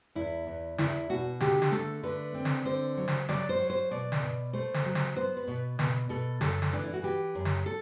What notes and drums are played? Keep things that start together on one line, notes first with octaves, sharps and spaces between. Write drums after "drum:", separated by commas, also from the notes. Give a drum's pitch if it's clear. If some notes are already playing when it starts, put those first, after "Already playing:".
E2 E4
E2
E2 E4, drum: snare
B2 F#4
D3 G4, drum: snare
drum: snare
A3 A4
D3 B4
C4
drum: snare
D3 C5
F#3
drum: snare
F#3 D5, drum: snare
C5
F#3
C5
B2 D5
drum: snare
B2
A3 C5
drum: snare
F#3
drum: snare
B3 C5
B4
B2
B2, drum: snare
B2 A4
F#2 A4, drum: snare
drum: snare
E3 D4
E4
F#4
E3 G4
F#2
drum: snare
A4